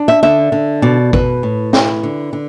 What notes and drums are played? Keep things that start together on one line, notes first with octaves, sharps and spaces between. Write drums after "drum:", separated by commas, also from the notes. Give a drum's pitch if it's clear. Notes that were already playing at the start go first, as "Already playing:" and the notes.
Already playing: D4
E5
D3 E5
D3
B2 D5
B2 B4, drum: kick G#1
A2
E4, drum: snare
D3
D3